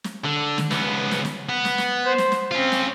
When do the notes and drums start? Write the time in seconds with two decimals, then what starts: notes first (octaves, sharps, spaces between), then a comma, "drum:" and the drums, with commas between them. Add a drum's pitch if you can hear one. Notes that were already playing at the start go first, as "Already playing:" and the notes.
0.04 drum: snare
0.24 D3
0.58 drum: snare
0.71 C#2 B3, drum: snare
1.11 drum: snare
1.25 drum: snare
1.49 B3
1.65 drum: snare
1.78 drum: snare
2.05 C5
2.18 drum: snare
2.32 drum: snare
2.51 C4 C#4 F4
2.72 drum: snare